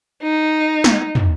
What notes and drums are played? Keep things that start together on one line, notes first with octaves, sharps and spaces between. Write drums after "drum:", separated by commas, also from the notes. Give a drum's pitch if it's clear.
D#4
drum: snare
drum: tom